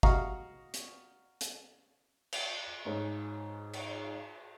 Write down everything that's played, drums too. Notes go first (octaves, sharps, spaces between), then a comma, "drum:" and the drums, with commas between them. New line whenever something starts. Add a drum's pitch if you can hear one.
F#4 D#5 F5 A#5 C#6, drum: kick G1
drum: hi-hat
drum: hi-hat
drum: cymbal
G#2 C#5
drum: cymbal